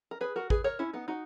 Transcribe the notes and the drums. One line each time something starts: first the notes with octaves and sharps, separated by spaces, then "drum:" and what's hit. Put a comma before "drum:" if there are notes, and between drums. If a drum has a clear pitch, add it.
A#4
G#4 B4
F#4 A#4
G#4 B4, drum: kick
A#4 C#5
C#4 E4
B3 D#4
D#4 F#4